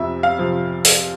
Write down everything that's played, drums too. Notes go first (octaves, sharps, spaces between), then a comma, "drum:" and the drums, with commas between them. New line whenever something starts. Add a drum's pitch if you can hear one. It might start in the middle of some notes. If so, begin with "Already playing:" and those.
Already playing: F2 C3 E5
F5
C3 F3
drum: open hi-hat